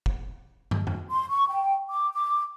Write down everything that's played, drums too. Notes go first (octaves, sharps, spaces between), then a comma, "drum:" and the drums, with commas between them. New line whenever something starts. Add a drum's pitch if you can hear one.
drum: kick
drum: tom
drum: tom F2
C6
C#6
G5
D6
D6